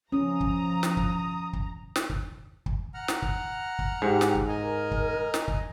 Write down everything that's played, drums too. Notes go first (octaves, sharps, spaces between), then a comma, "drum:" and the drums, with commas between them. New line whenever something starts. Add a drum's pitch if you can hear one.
F3 C#4 A#5 D#6
drum: kick
drum: snare
drum: kick
drum: kick
drum: snare
drum: kick
drum: kick
F#5 A#5 F6
drum: snare
drum: kick
drum: kick
G#2 G4
drum: snare
drum: kick
A#4 D#5 G#5 A#5
drum: kick
drum: snare
drum: kick